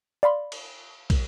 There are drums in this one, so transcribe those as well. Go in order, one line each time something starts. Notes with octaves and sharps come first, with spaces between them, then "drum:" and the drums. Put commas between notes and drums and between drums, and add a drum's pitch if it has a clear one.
D5 F5 B5 C6
drum: cymbal
drum: kick, cymbal